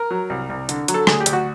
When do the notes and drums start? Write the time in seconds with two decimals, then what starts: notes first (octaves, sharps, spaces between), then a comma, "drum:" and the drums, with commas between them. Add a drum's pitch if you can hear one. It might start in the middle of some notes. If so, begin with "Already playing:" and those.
Already playing: A#4
0.11 F#3
0.30 C2
0.50 C2
0.69 D3, drum: hi-hat
0.88 F#3, drum: hi-hat
0.94 A4
1.07 D2 G#4, drum: rim click
1.20 G4
1.26 D2, drum: hi-hat
1.33 F#4